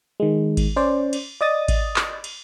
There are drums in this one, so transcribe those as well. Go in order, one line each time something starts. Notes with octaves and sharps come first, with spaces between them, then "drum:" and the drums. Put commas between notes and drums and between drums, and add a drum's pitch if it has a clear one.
D#3 G#3
drum: kick G#1, cymbal
C#4 C5 D5
drum: cymbal
D5 D#5 D#6 A6
drum: kick G#1, cymbal
drum: clap
drum: cymbal